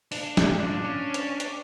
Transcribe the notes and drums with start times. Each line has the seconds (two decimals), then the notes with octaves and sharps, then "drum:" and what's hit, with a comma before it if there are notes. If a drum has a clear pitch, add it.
0.12 D4, drum: open hi-hat
0.37 drum: snare
0.58 G#2 D4 F4
0.84 C#4
1.14 drum: hi-hat
1.40 drum: hi-hat